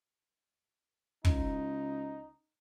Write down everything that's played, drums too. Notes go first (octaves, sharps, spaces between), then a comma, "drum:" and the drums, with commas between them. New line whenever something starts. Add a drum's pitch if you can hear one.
C#2 D#4, drum: kick